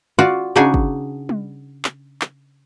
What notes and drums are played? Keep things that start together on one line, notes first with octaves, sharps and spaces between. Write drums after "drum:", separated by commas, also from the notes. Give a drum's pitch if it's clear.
F4 F#4 D5
C#3 D4 D#4 F#4 G#4 G#5
drum: kick
drum: tom G3
drum: clap
drum: clap